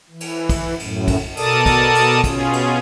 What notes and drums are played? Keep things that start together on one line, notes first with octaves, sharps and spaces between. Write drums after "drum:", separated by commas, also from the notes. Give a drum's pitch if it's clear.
E3
drum: cymbal
drum: kick, cymbal
F#2 A2, drum: cymbal
drum: kick, cymbal
B2 A4 A#4 D5 A5 D#6, drum: cymbal
drum: kick, cymbal
drum: cymbal
B2 C#4 F4 G#4, drum: kick, cymbal
drum: cymbal